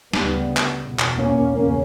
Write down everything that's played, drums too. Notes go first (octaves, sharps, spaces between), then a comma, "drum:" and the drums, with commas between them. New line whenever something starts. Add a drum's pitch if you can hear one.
D2 C#3 G3 B3, drum: snare
drum: clap
E2 B2
drum: clap
A#3 C#4
E2 C#3 A#3 C#4